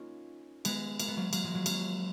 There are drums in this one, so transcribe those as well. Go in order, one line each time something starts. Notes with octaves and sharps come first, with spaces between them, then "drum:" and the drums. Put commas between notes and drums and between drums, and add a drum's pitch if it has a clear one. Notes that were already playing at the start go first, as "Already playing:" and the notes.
Already playing: A#3 C#4 D#4 F4
G#3 B3, drum: cymbal
A#3, drum: cymbal
B3
F#3 A#3
F#3 A#3, drum: cymbal
F3 G#3
F#3 A#3
A#3 C#4, drum: cymbal